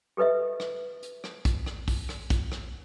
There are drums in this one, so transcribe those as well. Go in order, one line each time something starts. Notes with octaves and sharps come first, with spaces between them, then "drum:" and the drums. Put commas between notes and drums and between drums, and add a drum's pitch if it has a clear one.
G4 A4 B4 D#5 E5
drum: rim click
drum: hi-hat
drum: rim click
drum: kick, hi-hat
drum: rim click
drum: kick, open hi-hat
drum: rim click
drum: kick, hi-hat
drum: rim click